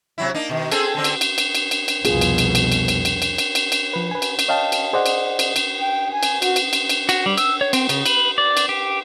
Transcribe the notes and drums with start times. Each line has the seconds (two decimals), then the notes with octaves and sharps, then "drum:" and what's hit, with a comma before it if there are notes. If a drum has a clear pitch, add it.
0.18 C3 F#3 E4
0.34 A#3 D4 D#4
0.49 B2 D#3
0.72 C4 G#4 A4, drum: cymbal
0.95 D3 C4 D4
1.04 drum: cymbal
1.21 drum: cymbal
1.38 drum: cymbal
1.55 drum: cymbal
1.71 drum: cymbal
1.88 drum: cymbal
2.05 C2 F2 B2 B3 F4 G#4, drum: cymbal
2.21 drum: cymbal
2.38 drum: cymbal
2.55 drum: cymbal
2.72 drum: cymbal
2.88 drum: cymbal
3.05 drum: cymbal
3.22 drum: cymbal
3.38 drum: cymbal
3.55 drum: cymbal
3.72 drum: cymbal
3.93 F3 B4
4.11 B4 G#5
4.22 drum: cymbal
4.39 drum: cymbal
4.48 C#5 D#5 F5 G5 A5
4.72 drum: cymbal
4.93 G#4 C5 D5 D#5 F#5
5.06 drum: cymbal
5.39 drum: cymbal
5.56 drum: cymbal
5.81 G5
6.13 G#5
6.23 drum: cymbal
6.42 F#4, drum: cymbal
6.56 drum: cymbal
6.73 drum: cymbal
6.89 drum: cymbal
7.09 F#4, drum: cymbal
7.26 G3
7.38 E6, drum: cymbal
7.61 C#5
7.73 C4, drum: cymbal
7.89 C#3, drum: cymbal
8.06 B4, drum: cymbal
8.38 D5
8.57 drum: cymbal
8.69 G4